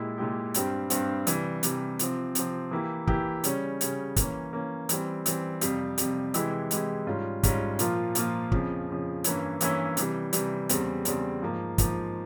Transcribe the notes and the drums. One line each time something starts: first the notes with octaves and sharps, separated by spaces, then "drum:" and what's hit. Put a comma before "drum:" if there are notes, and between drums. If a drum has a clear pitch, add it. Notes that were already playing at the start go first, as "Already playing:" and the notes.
Already playing: A#2 G#3 E4 G4
A#2 G#3 E4 G4
G2 G3 C4 G4, drum: hi-hat
G2 G3 C4 G4, drum: hi-hat
C3 E3 G3, drum: hi-hat
C3 E3 G3, drum: hi-hat
C3 F3 C4, drum: hi-hat
C3 F3 C4, drum: hi-hat
E3 A#3 E4 G4
E3 A#3 E4 G4, drum: kick
C#3 G3 C#4, drum: hi-hat
C#3 G3 C#4, drum: hi-hat
E3 A#3 C#4, drum: kick, hi-hat
E3 A#3 C#4
E3 G3 C4, drum: hi-hat
E3 G3 C4, drum: hi-hat
F2 C3 G3, drum: hi-hat
F2 C3 G3, drum: hi-hat
C3 E3 G#3 E4 G4, drum: hi-hat
C3 E3 G#3 E4 G4, drum: hi-hat
G#2 G3 C#4 F4
G#2 G3 C#4 F4, drum: kick, hi-hat
A#2 F3 A#3 F4, drum: hi-hat
A#2 F3 A#3 F4, drum: hi-hat
F2 C#3 F3, drum: kick
F2 C#3 F3
G2 E3 A#3 C#4 E4, drum: hi-hat
G2 E3 A#3 C#4 E4, drum: hi-hat
C3 E3 G3, drum: hi-hat
C3 E3 G3, drum: hi-hat
E2 C#3 G3 C4, drum: hi-hat
E2 C#3 G3 C4, drum: hi-hat
G#2 F3 A#3
G#2 F3 A#3, drum: kick, hi-hat